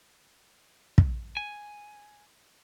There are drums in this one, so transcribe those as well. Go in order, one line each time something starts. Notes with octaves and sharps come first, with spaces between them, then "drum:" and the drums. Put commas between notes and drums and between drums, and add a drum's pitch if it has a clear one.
drum: kick
G#5